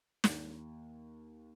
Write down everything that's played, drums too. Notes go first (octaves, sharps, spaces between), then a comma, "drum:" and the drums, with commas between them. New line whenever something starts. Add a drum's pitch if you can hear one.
D#2, drum: snare